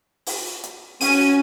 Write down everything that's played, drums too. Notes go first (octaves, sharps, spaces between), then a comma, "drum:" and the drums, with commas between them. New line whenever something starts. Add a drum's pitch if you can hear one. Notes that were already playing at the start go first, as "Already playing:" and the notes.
drum: open hi-hat
drum: hi-hat
C#4 F#4 D#7, drum: open hi-hat